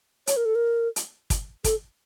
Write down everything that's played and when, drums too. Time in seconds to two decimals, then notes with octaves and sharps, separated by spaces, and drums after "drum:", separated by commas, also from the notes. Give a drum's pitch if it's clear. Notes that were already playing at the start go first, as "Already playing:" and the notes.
0.27 C#5, drum: hi-hat
0.37 A#4
0.45 A4
0.55 A#4
0.96 drum: hi-hat
1.30 drum: kick, hi-hat
1.64 A4, drum: kick, hi-hat